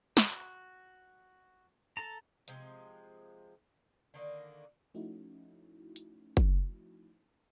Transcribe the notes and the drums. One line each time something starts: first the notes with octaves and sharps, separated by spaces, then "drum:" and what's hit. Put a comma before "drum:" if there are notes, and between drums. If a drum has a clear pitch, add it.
F#4, drum: snare
drum: hi-hat
A4 A5 A#5
C3 F3 G#3, drum: hi-hat
D3 D#3 A#3
F3 A3 C#4 D#4 E4 F#4
drum: hi-hat
drum: kick F#1